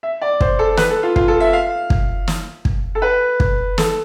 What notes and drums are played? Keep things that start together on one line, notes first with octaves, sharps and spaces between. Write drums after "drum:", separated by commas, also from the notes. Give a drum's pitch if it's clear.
E5
D5
C5, drum: kick
A4
B4, drum: snare
A4
F4
F4, drum: kick
A4
E5
F5
drum: kick
drum: snare
drum: kick
A4
B4
drum: kick
A4, drum: snare